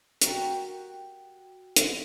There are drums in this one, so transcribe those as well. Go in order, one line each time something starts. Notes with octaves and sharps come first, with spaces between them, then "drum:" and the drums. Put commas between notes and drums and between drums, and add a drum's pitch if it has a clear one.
F#4 G4 A#4, drum: hi-hat
drum: hi-hat